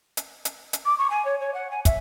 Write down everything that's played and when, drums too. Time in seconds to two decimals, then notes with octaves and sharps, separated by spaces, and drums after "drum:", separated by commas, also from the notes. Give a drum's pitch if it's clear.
0.17 drum: hi-hat
0.45 drum: hi-hat
0.73 drum: hi-hat
0.85 D6
0.98 C#6
1.10 G#5
1.25 C#5
1.40 C#5
1.54 F#5
1.71 G#5
1.85 E5, drum: kick, hi-hat